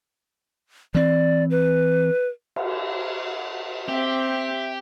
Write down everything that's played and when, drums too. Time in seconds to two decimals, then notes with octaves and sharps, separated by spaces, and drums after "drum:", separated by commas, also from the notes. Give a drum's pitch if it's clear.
0.95 E3 C4 D5
1.51 B4
2.56 drum: cymbal
3.88 C4 G4 E5